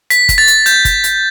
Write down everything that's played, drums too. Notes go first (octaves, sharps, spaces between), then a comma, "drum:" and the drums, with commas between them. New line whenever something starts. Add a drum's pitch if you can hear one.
B6, drum: hi-hat
drum: kick, hi-hat
A6
drum: hi-hat
G6, drum: hi-hat
drum: kick, hi-hat
drum: hi-hat